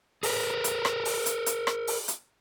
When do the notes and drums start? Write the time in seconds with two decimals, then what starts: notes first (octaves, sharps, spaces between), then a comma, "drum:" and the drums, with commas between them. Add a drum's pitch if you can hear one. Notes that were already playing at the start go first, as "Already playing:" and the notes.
0.23 G#4 A#4 B4, drum: open hi-hat
0.64 drum: hi-hat
0.85 drum: rim click
1.05 drum: open hi-hat
1.26 drum: hi-hat
1.46 drum: hi-hat
1.67 drum: rim click
1.87 drum: open hi-hat
2.08 drum: hi-hat